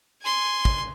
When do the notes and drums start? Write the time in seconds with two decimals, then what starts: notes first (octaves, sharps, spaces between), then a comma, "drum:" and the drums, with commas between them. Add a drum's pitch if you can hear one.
0.21 G#5 C6
0.65 drum: kick